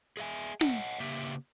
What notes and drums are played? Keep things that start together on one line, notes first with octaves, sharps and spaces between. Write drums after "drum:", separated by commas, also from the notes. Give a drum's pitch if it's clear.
G#4 D#5 E5 G#5
C#5 D#5 F#5, drum: snare
C#3 A#3 G4 E5 G5